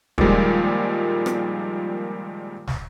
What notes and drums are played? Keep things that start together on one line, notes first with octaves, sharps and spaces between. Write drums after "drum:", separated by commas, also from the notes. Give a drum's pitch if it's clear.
A#2 D#3 F3 G3 G#3, drum: kick
drum: rim click
drum: snare